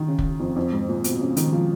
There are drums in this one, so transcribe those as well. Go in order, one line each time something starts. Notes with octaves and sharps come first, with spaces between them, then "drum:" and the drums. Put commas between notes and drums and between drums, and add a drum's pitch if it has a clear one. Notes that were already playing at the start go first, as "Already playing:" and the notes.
Already playing: D#3
C#3
drum: kick
F2
F2
G#2
A#2
B2, drum: hi-hat
C#3
D#3, drum: hi-hat
F3